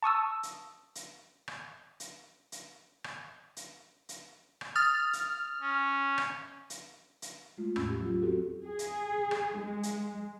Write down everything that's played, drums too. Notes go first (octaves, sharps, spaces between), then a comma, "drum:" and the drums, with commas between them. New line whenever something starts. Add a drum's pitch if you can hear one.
A5 C#6 D#6 E6
drum: hi-hat
drum: hi-hat
drum: rim click
drum: hi-hat
drum: hi-hat
drum: rim click
drum: hi-hat
drum: hi-hat
drum: rim click
D#6 F6 A6
drum: hi-hat
C#4
drum: rim click
drum: hi-hat
drum: hi-hat
G#3 A3 F4
E2 A2 C#4 B5 E6, drum: rim click
G4
F#3 F4
C4 F#4 G4 A4
G#4
drum: hi-hat
drum: rim click
G#3
drum: hi-hat